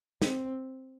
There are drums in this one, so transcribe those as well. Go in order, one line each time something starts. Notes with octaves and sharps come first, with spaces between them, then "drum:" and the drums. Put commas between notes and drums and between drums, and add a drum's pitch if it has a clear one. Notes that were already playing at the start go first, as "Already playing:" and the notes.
C4, drum: snare